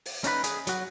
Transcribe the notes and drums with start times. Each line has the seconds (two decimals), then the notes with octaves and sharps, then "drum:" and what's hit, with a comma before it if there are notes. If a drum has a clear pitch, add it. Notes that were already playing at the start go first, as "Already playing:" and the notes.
0.06 drum: open hi-hat
0.24 C#4 D#4 F#4 B4, drum: hi-hat
0.44 G#4, drum: hi-hat
0.67 F#3 F#4, drum: hi-hat